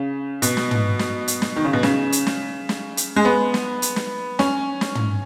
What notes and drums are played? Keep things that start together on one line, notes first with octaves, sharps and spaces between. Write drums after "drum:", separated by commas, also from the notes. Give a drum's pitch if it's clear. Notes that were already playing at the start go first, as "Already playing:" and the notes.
Already playing: C#3
B2, drum: hi-hat
drum: snare
drum: tom
drum: snare
drum: hi-hat
drum: snare
D#3
C#3
B2
C#3, drum: snare
drum: hi-hat
drum: snare
drum: snare
drum: hi-hat
G#3
B3
drum: snare
drum: hi-hat
drum: snare
C#4, drum: snare
drum: snare
drum: tom